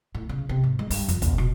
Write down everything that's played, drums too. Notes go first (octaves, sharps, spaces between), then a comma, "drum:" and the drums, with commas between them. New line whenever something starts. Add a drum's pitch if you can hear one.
A2
C#3
C3
G#2
G#3
G2, drum: open hi-hat
F2, drum: hi-hat
D#1, drum: kick, hi-hat
B2, drum: rim click